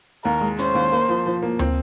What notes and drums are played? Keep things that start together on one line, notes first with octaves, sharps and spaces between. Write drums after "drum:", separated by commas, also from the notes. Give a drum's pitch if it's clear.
D#2 A#4
G#3
C#4 C5, drum: hi-hat
D#2
A#3
F3
F3
A#3
C4, drum: tom